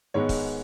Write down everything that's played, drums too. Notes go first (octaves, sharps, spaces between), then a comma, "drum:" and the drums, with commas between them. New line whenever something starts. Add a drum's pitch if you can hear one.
G#2 D#3 G#3 B3 C#5
drum: kick, open hi-hat